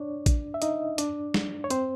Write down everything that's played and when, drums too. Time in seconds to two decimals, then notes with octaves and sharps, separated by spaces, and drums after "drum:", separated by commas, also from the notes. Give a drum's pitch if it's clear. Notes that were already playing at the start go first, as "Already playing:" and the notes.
Already playing: D4 C#5 D5
0.26 drum: kick, hi-hat
0.54 E5
0.62 D#4 D#5, drum: hi-hat
0.98 D4 D5, drum: hi-hat
1.34 drum: snare
1.64 C#5
1.70 C4 C5, drum: hi-hat